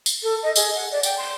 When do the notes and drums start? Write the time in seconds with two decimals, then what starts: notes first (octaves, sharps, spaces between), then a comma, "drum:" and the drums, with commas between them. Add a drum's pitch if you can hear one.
0.06 drum: tambourine
0.22 A4
0.42 D#5
0.56 G#4, drum: tambourine
0.75 F#5
0.91 D5
1.03 G5, drum: tambourine
1.17 C6